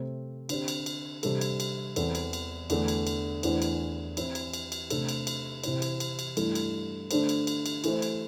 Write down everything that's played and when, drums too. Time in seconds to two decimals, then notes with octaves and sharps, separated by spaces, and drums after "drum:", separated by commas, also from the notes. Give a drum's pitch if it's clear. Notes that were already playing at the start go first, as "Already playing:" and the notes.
Already playing: C3 A3 C4
0.49 D3 C4 G4, drum: cymbal
0.68 drum: cymbal
0.86 drum: cymbal
1.23 C3 G3 D4 A4, drum: cymbal
1.41 drum: cymbal
1.60 drum: cymbal
1.96 E2 E3 C4 A4, drum: cymbal
2.15 drum: cymbal
2.33 drum: cymbal
2.70 E2 D3 A3 D4 A4, drum: cymbal
2.88 drum: cymbal
3.07 drum: cymbal
3.43 E2 E3 A3 D4 C5, drum: cymbal
3.62 drum: cymbal
4.17 E3 C4 E4, drum: cymbal
4.35 drum: cymbal
4.53 drum: cymbal
4.72 drum: cymbal
4.90 C3 A3 D4 A4, drum: cymbal
5.09 drum: cymbal
5.27 drum: cymbal
5.64 C3 E3 C4, drum: cymbal
5.82 drum: cymbal
6.00 drum: cymbal
6.19 drum: cymbal
6.37 G2 E3 A3 E4, drum: cymbal
6.55 drum: cymbal
7.11 D3 A3 D4 A4 C5, drum: cymbal
7.29 drum: cymbal
7.47 drum: cymbal
7.66 drum: cymbal
7.84 E3 A3 E4 C5, drum: cymbal
8.02 drum: cymbal